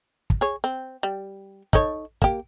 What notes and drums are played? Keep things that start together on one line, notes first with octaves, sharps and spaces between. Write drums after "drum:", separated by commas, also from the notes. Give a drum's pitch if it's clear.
drum: kick
G#4 C#5
C4
G3
D#4 A4 C#5, drum: kick
A#3 G4, drum: kick